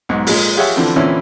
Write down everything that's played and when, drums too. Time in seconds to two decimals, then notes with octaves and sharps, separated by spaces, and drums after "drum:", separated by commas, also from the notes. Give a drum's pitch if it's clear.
0.09 B1 G#2
0.27 A#2 G#3, drum: open hi-hat
0.57 F4 G4 G#4 C#5 E5 F#5
0.77 D3 E3 F3 C4
0.96 A#2 D3 E3 C4 C#4 E4